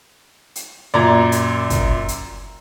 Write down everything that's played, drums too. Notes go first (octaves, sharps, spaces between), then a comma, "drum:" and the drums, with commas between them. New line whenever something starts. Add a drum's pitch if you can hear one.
drum: hi-hat
F#2 A#2 D5 A#5 G#6
drum: hi-hat
drum: kick, hi-hat
drum: hi-hat